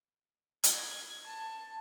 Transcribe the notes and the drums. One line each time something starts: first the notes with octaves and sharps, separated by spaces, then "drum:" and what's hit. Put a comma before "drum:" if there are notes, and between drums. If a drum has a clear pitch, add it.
G#6, drum: hi-hat
A5